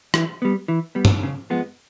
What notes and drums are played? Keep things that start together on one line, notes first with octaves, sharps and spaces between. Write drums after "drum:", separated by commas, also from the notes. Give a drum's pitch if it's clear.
E3, drum: rim click
G3 B3
E3
G3 B3
drum: tom G2
C#3
F3 G#3 B3